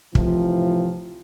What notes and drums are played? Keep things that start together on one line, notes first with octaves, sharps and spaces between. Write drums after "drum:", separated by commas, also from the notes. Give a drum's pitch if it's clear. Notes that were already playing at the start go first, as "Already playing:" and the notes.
A2 C3 E3 F3, drum: kick